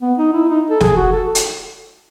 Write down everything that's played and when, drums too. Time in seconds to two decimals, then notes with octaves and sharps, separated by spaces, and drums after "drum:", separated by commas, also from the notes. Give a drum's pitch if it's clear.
0.02 B3
0.18 D#4
0.33 E4
0.49 D#4
0.70 A4
0.80 G#4, drum: snare
0.96 F#4
1.12 A4
1.35 drum: hi-hat